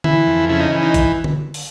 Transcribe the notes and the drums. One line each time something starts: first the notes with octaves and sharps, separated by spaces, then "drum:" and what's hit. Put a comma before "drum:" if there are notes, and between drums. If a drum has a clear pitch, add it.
E3 E4, drum: tom D3
F2
C#3 E4
D#4
E3
D#4
drum: kick A#1, hi-hat
drum: tom D3
drum: open hi-hat